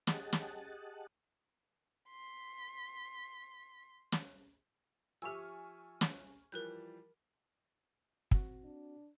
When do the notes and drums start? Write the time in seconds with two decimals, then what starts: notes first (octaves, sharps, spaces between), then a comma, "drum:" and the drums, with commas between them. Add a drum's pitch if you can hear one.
0.07 G4 G#4 D#5 F#5 A5, drum: snare
0.33 drum: snare
2.10 C6 B6
4.12 drum: snare
5.22 F3 G4 E5 G#5 C#6 E6 F6
6.01 drum: snare
6.52 E3 F3 G3 A#4 F#6 G6
8.31 C4 F#4, drum: kick
8.64 D4